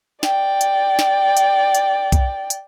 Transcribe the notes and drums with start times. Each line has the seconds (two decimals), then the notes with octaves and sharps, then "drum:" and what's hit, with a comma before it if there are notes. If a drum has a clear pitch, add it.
0.23 D5 G5, drum: snare
0.61 drum: hi-hat
0.99 drum: snare
1.37 drum: hi-hat
1.75 drum: hi-hat
2.12 drum: kick B1, hi-hat
2.50 drum: hi-hat